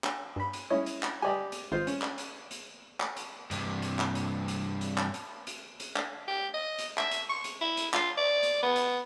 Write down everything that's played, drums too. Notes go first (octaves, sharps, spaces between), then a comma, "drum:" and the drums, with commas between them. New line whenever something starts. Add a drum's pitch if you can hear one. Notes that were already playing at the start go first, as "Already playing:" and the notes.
drum: clap
G2 B5
drum: hi-hat
C#4 E4 C#5 D#5
drum: hi-hat
drum: clap
G4 D5 D#5 G#5
drum: hi-hat
G#1 F4 C5 D#5
C#4, drum: hi-hat
drum: clap
drum: hi-hat
drum: hi-hat
drum: clap
drum: hi-hat
G2 C3, drum: hi-hat
drum: hi-hat
drum: clap
drum: hi-hat
drum: hi-hat
drum: hi-hat
drum: clap
drum: hi-hat
drum: hi-hat
drum: hi-hat
drum: clap
G4
D#5
drum: hi-hat
E5, drum: clap
drum: hi-hat
C#6
drum: hi-hat
E4
drum: hi-hat
F4, drum: clap
D5
drum: hi-hat
B3
drum: hi-hat